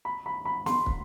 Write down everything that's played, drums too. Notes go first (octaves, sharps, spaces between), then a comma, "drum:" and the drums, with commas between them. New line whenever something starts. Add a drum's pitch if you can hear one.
B5
B5
B5
C6, drum: snare
drum: kick